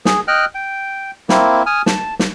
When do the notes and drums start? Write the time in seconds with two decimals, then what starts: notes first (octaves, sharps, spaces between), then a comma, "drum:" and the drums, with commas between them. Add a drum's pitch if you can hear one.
0.05 G#4, drum: snare
0.28 D#5 G5 F6 F#6
0.55 G5
1.29 A#3 C4 E4, drum: snare
1.66 G#5 D#6 F6
1.86 A5, drum: snare
2.19 drum: snare